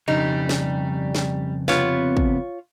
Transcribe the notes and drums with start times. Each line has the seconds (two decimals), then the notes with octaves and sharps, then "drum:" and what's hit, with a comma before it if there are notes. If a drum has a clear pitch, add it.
0.08 F2 C#3 G3 D#4
0.49 drum: snare
1.15 drum: snare
1.68 C3 B3 F4 C#5, drum: snare
2.17 drum: kick